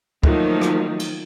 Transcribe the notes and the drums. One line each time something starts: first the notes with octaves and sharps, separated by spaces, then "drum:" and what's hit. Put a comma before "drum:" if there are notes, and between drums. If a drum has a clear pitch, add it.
D#3 F3 F#3 A3 A#3 D#4, drum: kick
drum: rim click
drum: cymbal